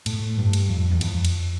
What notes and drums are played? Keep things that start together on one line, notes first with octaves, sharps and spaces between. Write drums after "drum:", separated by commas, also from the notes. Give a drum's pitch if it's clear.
A2, drum: cymbal
G2
drum: cymbal
F2
E2
F2, drum: cymbal
drum: cymbal